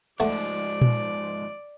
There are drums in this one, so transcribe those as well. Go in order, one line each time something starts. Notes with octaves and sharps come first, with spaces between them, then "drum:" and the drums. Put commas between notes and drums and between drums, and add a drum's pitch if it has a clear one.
G#2 F3 A3 D5 F#5
drum: tom A#2